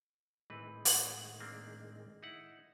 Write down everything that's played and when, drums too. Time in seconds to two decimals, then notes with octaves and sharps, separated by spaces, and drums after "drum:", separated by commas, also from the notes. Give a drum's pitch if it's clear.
0.50 A2 D#3 E3 G#3 C4 B4
0.85 drum: open hi-hat
1.40 A#3 C4 D4
2.23 D#4 E4 F#5